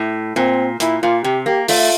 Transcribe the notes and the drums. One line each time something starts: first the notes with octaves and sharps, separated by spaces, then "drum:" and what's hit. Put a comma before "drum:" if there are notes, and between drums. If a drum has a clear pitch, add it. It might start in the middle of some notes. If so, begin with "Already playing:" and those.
Already playing: A2
A#2 C4
A#2 E4, drum: hi-hat
A#2 F4
C3 G4
A#3 G4
A3 F4, drum: open hi-hat